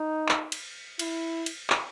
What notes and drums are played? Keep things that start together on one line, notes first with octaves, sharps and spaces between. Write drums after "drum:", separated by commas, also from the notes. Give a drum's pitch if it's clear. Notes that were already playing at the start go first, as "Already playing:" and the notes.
Already playing: D#4
drum: clap
drum: cymbal
E4, drum: cymbal
drum: cymbal
drum: clap